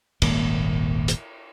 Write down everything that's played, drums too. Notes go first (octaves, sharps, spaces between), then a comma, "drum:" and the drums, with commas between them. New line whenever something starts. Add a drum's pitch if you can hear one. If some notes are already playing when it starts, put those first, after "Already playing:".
D#1 G#1 A#3, drum: cymbal
drum: hi-hat